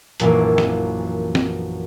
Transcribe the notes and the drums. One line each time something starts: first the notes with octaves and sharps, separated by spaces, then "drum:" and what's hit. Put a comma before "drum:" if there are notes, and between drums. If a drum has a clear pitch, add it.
A#1 F#2 A#2 E3 A#3, drum: hi-hat
drum: snare
drum: snare